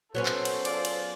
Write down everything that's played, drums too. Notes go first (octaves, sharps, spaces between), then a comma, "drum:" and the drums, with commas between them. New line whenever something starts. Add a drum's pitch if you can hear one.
F#3 B3 C#4 A4 C5
drum: clap
drum: cymbal
F4 G#4 D5, drum: cymbal
drum: cymbal